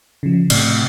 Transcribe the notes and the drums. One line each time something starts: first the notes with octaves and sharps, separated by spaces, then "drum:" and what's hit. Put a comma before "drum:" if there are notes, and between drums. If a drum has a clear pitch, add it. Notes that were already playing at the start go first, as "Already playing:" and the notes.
C#3 F3
A2 C3 D5, drum: cymbal